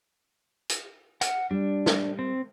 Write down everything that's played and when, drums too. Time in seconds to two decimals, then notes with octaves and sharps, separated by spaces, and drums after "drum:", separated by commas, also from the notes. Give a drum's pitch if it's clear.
0.69 drum: hi-hat
1.21 F#5 F6, drum: hi-hat
1.51 G3 D4
1.86 drum: snare
2.19 C4